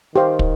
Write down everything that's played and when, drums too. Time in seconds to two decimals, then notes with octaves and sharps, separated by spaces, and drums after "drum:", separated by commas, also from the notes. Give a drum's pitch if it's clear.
0.16 D#3 G4 C5 F5
0.39 drum: kick